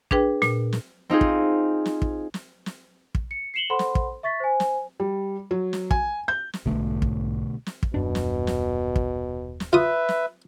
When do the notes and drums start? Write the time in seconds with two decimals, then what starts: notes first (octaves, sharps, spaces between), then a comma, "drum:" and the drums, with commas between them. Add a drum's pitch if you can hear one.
0.11 D4 G#4 B4 G5, drum: kick
0.42 A#2, drum: snare
0.73 drum: snare
1.10 C4 D#4 F4 G#4
1.21 drum: kick
1.85 drum: snare
2.02 drum: kick
2.34 drum: snare
2.66 drum: snare
3.15 drum: kick
3.31 C#7
3.54 C7 C#7 E7 F#7 G7
3.70 A4 C5 F#5 B5 C6
3.79 drum: snare
3.95 drum: kick
4.23 E5 C#6 A6 B6
4.40 C5 G#5
4.60 drum: snare
5.00 G3
5.51 F#3
5.73 drum: snare
5.91 G#5, drum: kick
6.28 G6
6.54 drum: snare
6.66 B1 G#2 B2 D3 A3
7.02 drum: kick
7.66 drum: snare
7.83 drum: kick
7.94 D#1 F#2 B2 D4
8.15 drum: snare
8.47 drum: snare
8.96 drum: kick
9.60 drum: snare
9.73 F4 B4 E5 D#6
10.09 drum: snare